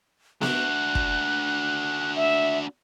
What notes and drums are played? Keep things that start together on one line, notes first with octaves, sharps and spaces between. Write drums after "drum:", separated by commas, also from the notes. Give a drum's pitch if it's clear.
D4 F#4 F#6, drum: snare B3
drum: kick
E5